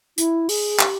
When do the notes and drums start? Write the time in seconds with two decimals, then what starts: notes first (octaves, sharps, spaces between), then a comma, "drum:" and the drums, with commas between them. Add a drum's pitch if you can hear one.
0.18 E4, drum: hi-hat
0.49 G#4, drum: open hi-hat
0.79 G4, drum: clap